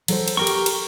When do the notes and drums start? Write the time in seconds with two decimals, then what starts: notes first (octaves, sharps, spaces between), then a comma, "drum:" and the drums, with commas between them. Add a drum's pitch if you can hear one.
0.08 F#3 A4 C5, drum: cymbal
0.28 drum: cymbal
0.37 G4 A#4 G5 C#6
0.47 drum: cymbal
0.66 drum: cymbal